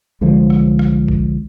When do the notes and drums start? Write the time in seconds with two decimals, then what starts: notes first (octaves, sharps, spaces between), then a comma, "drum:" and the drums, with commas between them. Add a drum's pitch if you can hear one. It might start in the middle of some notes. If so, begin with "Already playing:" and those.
0.21 C2 D3 F3 G#3
0.50 drum: rim click
0.79 drum: rim click
1.08 drum: kick A1